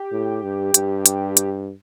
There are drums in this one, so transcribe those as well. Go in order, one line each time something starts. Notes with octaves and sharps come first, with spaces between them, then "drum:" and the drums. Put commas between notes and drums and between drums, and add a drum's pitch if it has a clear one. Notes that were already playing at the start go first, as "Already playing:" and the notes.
Already playing: G4
A2
G2
G2, drum: hi-hat
drum: hi-hat
drum: hi-hat